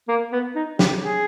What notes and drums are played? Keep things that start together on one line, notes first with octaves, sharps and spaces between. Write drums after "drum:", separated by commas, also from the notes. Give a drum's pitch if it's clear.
A#3
B3
D#4
G4, drum: snare
G#4